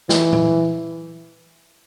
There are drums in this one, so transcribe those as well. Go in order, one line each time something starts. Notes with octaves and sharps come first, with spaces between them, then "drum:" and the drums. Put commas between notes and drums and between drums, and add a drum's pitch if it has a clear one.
E3, drum: snare
drum: tom